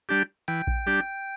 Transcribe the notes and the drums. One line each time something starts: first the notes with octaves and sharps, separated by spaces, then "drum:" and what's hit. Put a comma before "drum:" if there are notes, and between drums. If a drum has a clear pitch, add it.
G3 D4 G4
E3 G5
drum: kick A#1
G3 D4 G4